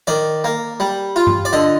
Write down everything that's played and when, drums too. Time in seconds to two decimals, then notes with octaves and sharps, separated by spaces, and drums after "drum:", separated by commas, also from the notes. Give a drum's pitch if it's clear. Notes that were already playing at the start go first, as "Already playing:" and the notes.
0.07 D#3 D5
0.44 A#3
0.80 G3
1.16 F4
1.27 drum: tom G2
1.45 D5
1.53 D3 D#5